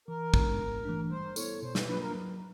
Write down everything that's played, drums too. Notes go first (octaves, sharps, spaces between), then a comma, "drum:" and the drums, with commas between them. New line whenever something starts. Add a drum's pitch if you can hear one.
E3 A#4
G#3 B3 D4, drum: kick
G#2
E3 A3 D4
G3 C5
B3 E4 A4 C#5, drum: tambourine
B2 C5
B4, drum: snare
F#3 A#3 D4 F4 B4
A#4
F#3